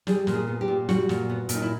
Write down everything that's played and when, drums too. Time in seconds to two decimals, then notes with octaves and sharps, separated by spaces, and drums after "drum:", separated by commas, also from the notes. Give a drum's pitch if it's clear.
0.07 G3 G#4, drum: snare
0.27 A#2, drum: snare
0.34 G#4
0.48 B3
0.61 G4
0.68 A#2
0.89 G3 F#4, drum: snare
1.09 A#2, drum: snare
1.29 B3
1.49 A#2, drum: hi-hat
1.55 D#4
1.62 E4